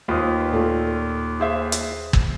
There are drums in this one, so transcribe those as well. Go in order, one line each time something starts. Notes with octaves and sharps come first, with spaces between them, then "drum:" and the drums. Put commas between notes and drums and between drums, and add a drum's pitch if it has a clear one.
D#2 F4 B4 C5 D#6
A#2 A3 F4
G#4 C5 E5
drum: hi-hat
drum: kick G1